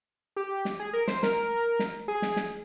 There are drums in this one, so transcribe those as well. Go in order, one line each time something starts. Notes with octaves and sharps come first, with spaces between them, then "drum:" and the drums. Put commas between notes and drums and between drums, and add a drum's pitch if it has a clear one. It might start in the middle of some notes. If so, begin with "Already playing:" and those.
G4
drum: snare
G#4
A#4
C5, drum: snare
A#4, drum: snare
drum: snare
G#4
drum: snare
drum: snare